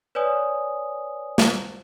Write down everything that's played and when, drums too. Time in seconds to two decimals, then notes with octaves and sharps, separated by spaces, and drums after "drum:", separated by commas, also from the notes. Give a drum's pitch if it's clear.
0.15 B4 C#5 D5 G#5 D#6
1.38 drum: snare